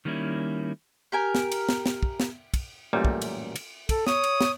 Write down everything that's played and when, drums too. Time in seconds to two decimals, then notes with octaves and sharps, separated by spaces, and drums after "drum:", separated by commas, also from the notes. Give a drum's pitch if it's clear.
0.05 D#3 G3 A#3 C#4 E4
1.12 G4 A#4 G#5
1.35 drum: snare
1.52 drum: cymbal
1.69 drum: snare
1.86 drum: snare
2.03 drum: kick
2.20 drum: snare
2.54 drum: kick, cymbal
2.93 A1 F#2 A#2 G3 A3
3.05 drum: kick
3.22 drum: cymbal
3.56 drum: cymbal
3.89 A4, drum: kick, cymbal
4.07 C#5 D#6, drum: snare
4.24 drum: cymbal
4.41 drum: snare